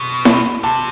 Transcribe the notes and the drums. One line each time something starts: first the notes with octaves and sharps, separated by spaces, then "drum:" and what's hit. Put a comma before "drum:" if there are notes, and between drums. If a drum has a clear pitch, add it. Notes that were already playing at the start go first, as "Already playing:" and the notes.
Already playing: B2 C6 D6
B5, drum: snare E4
C3 A5